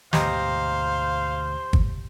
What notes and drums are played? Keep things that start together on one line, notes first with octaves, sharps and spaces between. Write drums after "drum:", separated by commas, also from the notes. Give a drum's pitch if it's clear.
D2 G#2 B2 G4 C5 D#5 F5 A#5, drum: snare
drum: kick